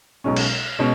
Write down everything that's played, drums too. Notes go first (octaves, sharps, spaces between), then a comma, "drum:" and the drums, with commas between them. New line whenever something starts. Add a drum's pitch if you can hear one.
B1 B2 G#3 C#4
drum: cymbal
B2 G#3 C#4